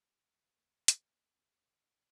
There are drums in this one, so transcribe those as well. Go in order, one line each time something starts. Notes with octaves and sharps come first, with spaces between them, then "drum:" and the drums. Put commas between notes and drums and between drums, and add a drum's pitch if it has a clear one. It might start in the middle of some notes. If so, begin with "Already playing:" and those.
Already playing: C#2 C#3
G3
D2 C#3 A#3
A#3, drum: hi-hat
D2 C#3 A3